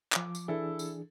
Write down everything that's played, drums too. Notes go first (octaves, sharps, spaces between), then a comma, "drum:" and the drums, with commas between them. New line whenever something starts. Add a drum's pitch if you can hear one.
F3 D6, drum: clap
drum: tambourine
E3 D4 E4 G#4 A4
drum: tambourine